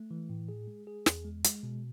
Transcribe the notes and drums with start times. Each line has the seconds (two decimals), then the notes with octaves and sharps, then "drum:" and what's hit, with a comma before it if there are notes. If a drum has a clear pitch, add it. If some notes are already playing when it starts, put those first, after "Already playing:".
Already playing: A3
0.11 E3
0.30 A2
0.49 G#4
0.67 G#3
0.87 G#4
1.06 E2, drum: snare
1.25 G#3
1.44 G#3, drum: hi-hat
1.63 B2